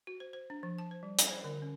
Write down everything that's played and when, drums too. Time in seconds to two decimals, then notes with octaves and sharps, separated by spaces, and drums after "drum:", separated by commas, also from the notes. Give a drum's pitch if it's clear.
0.07 F#4
0.20 C5
0.33 C5
0.50 D4
0.63 F3
0.78 A5
0.91 C5
1.03 G3
1.19 D#5, drum: hi-hat
1.31 C5
1.44 D3
1.62 C#4